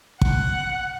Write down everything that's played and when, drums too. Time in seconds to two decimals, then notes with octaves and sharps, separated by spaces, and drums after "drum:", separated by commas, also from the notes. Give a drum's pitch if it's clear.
0.21 F#5, drum: kick